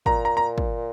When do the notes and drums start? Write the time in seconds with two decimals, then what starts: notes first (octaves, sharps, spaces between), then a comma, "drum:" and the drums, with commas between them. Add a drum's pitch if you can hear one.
0.06 A#2 A#5, drum: kick
0.25 A#5
0.37 A#5
0.58 drum: kick